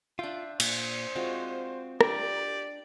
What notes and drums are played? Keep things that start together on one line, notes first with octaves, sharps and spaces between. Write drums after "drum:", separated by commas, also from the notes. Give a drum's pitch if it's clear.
D4 F4 E5 G5
A#2 C5, drum: cymbal
G#3 C4 F4 F#4
D4 G4 D5, drum: rim click